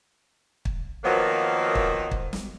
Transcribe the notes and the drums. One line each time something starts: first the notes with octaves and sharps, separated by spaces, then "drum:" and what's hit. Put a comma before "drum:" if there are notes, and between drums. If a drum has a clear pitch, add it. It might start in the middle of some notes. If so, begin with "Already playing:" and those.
drum: kick
D#3 F3 F#3 A#3 B3
drum: kick
drum: kick
drum: snare